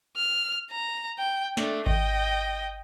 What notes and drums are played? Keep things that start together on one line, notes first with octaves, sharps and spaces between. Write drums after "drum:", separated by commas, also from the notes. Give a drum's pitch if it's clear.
F6
A#5
G5
A3 D4, drum: snare
D#5 G5, drum: kick G#1